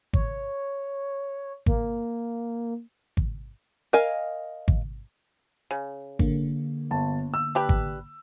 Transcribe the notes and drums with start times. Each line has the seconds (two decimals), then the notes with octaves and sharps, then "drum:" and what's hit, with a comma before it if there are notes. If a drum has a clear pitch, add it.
0.13 C#5, drum: kick G#1
1.66 A#3, drum: kick G#1
3.17 drum: kick G#1
3.93 A#4 D#5 F5 G#5
4.68 drum: kick G#1
5.71 C#3
6.19 D3 A#3, drum: kick G#1
6.91 G1 A5
7.34 E6
7.55 D4 G4 B4
7.69 drum: kick G#1